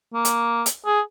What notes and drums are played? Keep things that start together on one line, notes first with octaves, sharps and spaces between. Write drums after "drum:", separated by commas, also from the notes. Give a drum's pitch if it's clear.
A#3
drum: hi-hat
drum: hi-hat
G#4